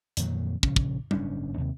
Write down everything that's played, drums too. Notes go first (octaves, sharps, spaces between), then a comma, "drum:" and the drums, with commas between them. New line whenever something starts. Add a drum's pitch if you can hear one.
F2 A#2 D#3 F#3, drum: hi-hat
A#1 C#3 C#4, drum: kick
drum: kick
F#1 G#2 C#4 D4, drum: tom G3
D#2 C3